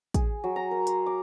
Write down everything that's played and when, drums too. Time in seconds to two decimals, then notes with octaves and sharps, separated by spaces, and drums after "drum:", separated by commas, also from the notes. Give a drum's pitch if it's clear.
0.14 G#4, drum: kick, hi-hat
0.44 F#3
0.56 A#5
0.71 A#4
0.87 C6, drum: hi-hat
1.06 D6